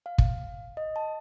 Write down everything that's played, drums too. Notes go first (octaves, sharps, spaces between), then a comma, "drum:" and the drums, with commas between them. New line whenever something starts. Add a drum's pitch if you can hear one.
F5
drum: kick
D#5
A5